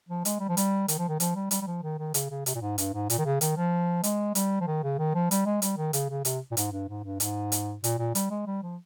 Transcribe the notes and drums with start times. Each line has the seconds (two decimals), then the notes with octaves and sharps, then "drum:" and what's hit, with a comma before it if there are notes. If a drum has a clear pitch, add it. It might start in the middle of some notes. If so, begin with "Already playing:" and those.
0.09 F3
0.25 G#3, drum: hi-hat
0.40 G3
0.49 F3
0.57 G3, drum: hi-hat
0.88 D#3, drum: hi-hat
0.98 F3
1.09 D#3
1.20 F3, drum: hi-hat
1.35 G3
1.51 G3, drum: hi-hat
1.62 G3
1.67 F3
1.83 D#3
1.99 D#3
2.14 C#3, drum: hi-hat
2.31 C#3
2.46 C3, drum: hi-hat
2.55 A#2
2.61 G#2
2.78 G2, drum: hi-hat
2.93 G#2
3.10 A#2, drum: hi-hat
3.18 D#3
3.26 C#3
3.41 D#3, drum: hi-hat
3.57 F3
4.03 G#3, drum: hi-hat
4.35 G3, drum: hi-hat
4.61 F3
4.67 D#3
4.83 C#3
4.99 D#3
5.15 F3
5.31 G3, drum: hi-hat
5.46 G#3
5.62 G3, drum: hi-hat
5.77 D#3
5.93 C#3, drum: hi-hat
6.09 C#3
6.25 C3, drum: hi-hat
6.52 A#2
6.57 G#2, drum: hi-hat
6.72 G2
6.89 G#2
7.04 G2
7.20 G#2, drum: hi-hat
7.52 drum: hi-hat
7.84 A#2, drum: hi-hat
7.98 A#2
8.15 G3, drum: hi-hat
8.30 G#3
8.47 G3
8.63 F3